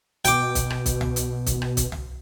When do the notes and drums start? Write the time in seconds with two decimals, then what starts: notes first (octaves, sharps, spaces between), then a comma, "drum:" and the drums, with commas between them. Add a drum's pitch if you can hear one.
0.25 B2 G5 D6, drum: hi-hat
0.55 drum: kick, hi-hat
0.70 drum: rim click
0.86 drum: kick, hi-hat
1.01 drum: tom
1.16 drum: hi-hat
1.46 drum: kick, hi-hat
1.62 drum: rim click
1.77 drum: kick, hi-hat
1.92 drum: tom